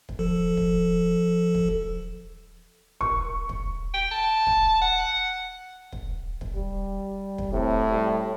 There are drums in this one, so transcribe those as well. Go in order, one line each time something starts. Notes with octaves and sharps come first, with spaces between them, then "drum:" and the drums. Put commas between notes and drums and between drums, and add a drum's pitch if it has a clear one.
drum: kick
F3 A4
drum: kick
drum: kick
C#6, drum: kick
drum: kick
G5
A5
drum: kick
F#5
drum: kick
drum: kick
G3
drum: kick
A2 C3
G3